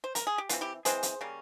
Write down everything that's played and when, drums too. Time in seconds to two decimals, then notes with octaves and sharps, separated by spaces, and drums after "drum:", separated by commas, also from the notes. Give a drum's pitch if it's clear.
0.04 C5
0.15 A#4, drum: hi-hat
0.27 G#4
0.38 G4
0.49 E3 G#3 C4 F4, drum: hi-hat
0.61 E4 G4
0.85 E3 G#3 C4 G#4 C5, drum: hi-hat
1.03 drum: hi-hat
1.21 C#3 G3 A#3 C#4